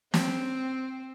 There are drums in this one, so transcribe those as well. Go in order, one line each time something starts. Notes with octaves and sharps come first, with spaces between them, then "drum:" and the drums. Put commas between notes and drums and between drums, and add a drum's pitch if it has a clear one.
C4, drum: snare